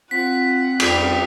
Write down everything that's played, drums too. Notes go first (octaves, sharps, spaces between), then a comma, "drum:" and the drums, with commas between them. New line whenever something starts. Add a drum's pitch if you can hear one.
C4 F4 F#5 B6
F2 G3, drum: cymbal